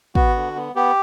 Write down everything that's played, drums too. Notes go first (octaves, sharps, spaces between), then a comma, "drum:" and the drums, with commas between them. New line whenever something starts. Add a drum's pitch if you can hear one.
B3 F#4, drum: kick
D3
B3
B3 G4